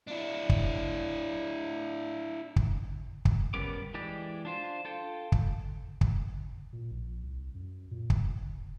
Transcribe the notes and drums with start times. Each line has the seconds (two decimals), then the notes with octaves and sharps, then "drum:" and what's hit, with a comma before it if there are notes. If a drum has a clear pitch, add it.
0.08 D4 E4
0.49 drum: kick
2.56 drum: kick
3.25 drum: kick
3.54 G3 B3 C#4 A#4 D6
3.94 E3 G#3 G4 D5
4.45 D4 F4 C5
4.85 F4 A4 G5
5.32 drum: kick
6.01 drum: kick
6.73 A#2
6.91 A#1
7.24 C2
7.55 F#2
7.91 A#2
8.10 D#1, drum: kick